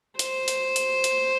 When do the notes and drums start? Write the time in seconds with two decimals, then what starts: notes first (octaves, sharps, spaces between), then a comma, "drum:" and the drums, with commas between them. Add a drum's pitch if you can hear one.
0.19 C5, drum: hi-hat
0.48 drum: hi-hat
0.76 drum: hi-hat
1.04 drum: hi-hat